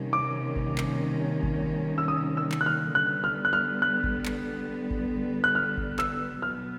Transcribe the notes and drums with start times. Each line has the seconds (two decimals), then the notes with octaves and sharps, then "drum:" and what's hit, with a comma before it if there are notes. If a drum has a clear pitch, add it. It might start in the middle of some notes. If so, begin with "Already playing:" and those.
Already playing: C3 D#3 G3 A#3 C#4
0.13 D6
0.56 drum: kick G#1
0.78 drum: clap
1.43 drum: kick G#1
1.98 E6
2.08 D#6
2.37 E6
2.52 drum: clap
2.61 F#6
2.66 F6
2.95 D3 G3 B3 F#6
3.24 F6
3.45 F#6
3.53 F6
3.82 F#6
4.04 drum: kick G#1
4.25 drum: clap
4.91 drum: kick G#1
5.44 F#6
5.55 F6
5.78 drum: kick G#1
5.99 E6, drum: clap
6.42 B2 F#3 B3 F6